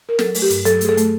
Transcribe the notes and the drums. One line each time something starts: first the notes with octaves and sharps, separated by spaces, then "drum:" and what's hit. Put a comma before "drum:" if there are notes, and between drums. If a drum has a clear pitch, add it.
A#4
F#3 A4, drum: snare
A3, drum: open hi-hat
G4
G2, drum: hi-hat
F#3 A4, drum: hi-hat
A3 G#4, drum: hi-hat
A4
A3, drum: hi-hat